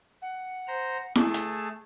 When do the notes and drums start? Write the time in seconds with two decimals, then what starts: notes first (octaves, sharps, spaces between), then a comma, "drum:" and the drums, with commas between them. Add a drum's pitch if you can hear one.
0.22 F#5
0.67 C5 A#5
1.15 A3 G#4 A5, drum: snare E4
1.34 drum: hi-hat